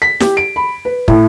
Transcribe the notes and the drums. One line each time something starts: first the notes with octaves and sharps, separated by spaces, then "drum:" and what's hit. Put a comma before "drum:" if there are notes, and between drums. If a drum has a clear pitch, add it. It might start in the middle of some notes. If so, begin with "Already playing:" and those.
B6
G4, drum: snare
D7
B5
B4
A2, drum: kick